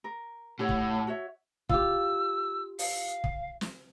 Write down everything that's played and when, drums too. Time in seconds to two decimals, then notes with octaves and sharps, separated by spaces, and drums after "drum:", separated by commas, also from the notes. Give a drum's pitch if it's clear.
0.04 A#4
0.59 A2 G4 C#5 F#5
0.69 drum: kick
1.07 F#4 C#5 E5
1.69 F4 G4 E6, drum: kick
2.79 F5, drum: open hi-hat
3.24 drum: kick
3.61 drum: snare